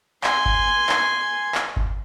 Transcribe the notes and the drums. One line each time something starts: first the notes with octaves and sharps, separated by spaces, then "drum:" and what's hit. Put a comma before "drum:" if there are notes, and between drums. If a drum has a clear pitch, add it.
G#5 C6, drum: clap
drum: kick G1
drum: clap
drum: clap
drum: kick G1